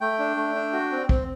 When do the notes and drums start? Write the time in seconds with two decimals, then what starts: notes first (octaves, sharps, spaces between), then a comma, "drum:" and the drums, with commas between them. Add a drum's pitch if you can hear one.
0.01 A3 G5
0.19 D4
0.37 A3
0.55 D4
0.73 F#4
0.91 C4
1.09 C4, drum: kick